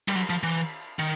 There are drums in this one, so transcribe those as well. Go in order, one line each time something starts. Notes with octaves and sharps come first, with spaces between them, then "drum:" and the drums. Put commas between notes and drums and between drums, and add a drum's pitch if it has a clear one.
G3, drum: cymbal
F#3
F3
E3
D#3